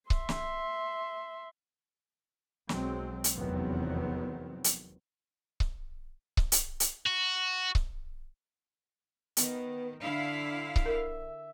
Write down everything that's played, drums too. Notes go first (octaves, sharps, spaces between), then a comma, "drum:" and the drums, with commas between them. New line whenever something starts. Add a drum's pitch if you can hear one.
E5 C6, drum: kick C#1
drum: snare
B1 F#3 G#3 C4, drum: snare
drum: hi-hat
F1 E2 D#3 F#3 B3 C4
drum: hi-hat
drum: kick C#1
drum: kick C#1
drum: hi-hat
drum: hi-hat
F#4
drum: kick C#1
D#3 B3, drum: hi-hat
D3 D4 E4 F5
drum: kick C#1
A#4 E5